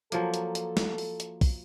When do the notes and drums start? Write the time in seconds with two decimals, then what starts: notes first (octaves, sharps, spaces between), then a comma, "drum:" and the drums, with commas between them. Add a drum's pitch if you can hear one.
0.12 F3 F#3 A#3 A4, drum: hi-hat
0.34 drum: hi-hat
0.55 drum: hi-hat
0.77 drum: snare
0.98 drum: open hi-hat
1.20 drum: hi-hat
1.41 drum: kick, open hi-hat